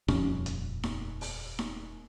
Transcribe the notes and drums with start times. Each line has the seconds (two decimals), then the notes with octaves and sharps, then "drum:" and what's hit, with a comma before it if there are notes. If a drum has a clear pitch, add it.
0.08 D#1 F2 C3 C#4, drum: snare D#4
0.46 drum: hi-hat
0.83 drum: snare D#4
1.21 drum: open hi-hat
1.59 drum: snare D#4